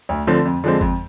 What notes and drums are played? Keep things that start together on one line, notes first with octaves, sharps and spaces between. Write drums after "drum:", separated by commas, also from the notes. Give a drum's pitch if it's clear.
D2
D3 F3 A3 C4
F2
D3 F3 G#3 C4
F2, drum: kick G1